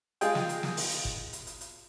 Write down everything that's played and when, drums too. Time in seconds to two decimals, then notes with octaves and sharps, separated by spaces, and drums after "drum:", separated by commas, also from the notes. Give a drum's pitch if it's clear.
0.21 G#3 F4 G#4 D#5 G5, drum: hi-hat
0.35 drum: snare
0.49 drum: hi-hat
0.63 drum: snare
0.77 drum: open hi-hat
0.91 drum: hi-hat
1.05 drum: kick
1.33 drum: hi-hat
1.47 drum: hi-hat
1.61 drum: hi-hat